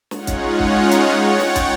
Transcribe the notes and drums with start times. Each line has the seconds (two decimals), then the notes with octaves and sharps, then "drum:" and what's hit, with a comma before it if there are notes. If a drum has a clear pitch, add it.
0.11 G#3 C#4 D#4 F4 C#5 F#5, drum: snare
0.27 drum: kick, hi-hat
0.59 drum: kick
0.91 drum: hi-hat
1.18 C#5 F#5 G5 C#6 A6
1.40 drum: snare
1.56 drum: kick, hi-hat